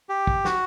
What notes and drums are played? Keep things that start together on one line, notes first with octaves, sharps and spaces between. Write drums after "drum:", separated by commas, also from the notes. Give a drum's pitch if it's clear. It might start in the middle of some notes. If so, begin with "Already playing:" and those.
G4
drum: kick
F#4, drum: snare